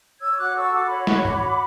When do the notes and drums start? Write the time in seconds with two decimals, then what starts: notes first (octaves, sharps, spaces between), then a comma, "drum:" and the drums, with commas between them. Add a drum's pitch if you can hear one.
0.20 C#5 E6 G#6
0.38 F#4 D6 F#6
0.55 A4 C#6 E6
0.72 F#4 D6
0.80 E6
0.86 C#5 B5 D6
1.07 F#4, drum: snare
1.25 C#5, drum: tom G2
1.42 F#4